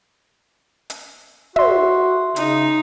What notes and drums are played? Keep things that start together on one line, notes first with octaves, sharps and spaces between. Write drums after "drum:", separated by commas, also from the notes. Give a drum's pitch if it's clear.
drum: hi-hat
F#4 E5 C6, drum: tom
C#3 D#4, drum: hi-hat